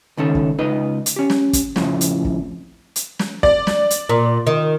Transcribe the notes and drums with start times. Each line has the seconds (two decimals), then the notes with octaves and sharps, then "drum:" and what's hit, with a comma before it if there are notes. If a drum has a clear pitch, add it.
0.17 C#2 D#3 C#4 A4
0.35 drum: kick
0.58 C#2 D#4 B4 D#5
1.06 drum: hi-hat
1.16 C#4 G4
1.30 drum: snare
1.53 drum: kick, hi-hat
1.76 F2 A2 C#3 F3, drum: snare
2.01 drum: hi-hat
2.24 drum: kick
2.96 drum: hi-hat
3.19 drum: snare
3.43 D5, drum: kick
3.67 drum: snare
3.90 drum: hi-hat
4.09 A#2
4.47 D#3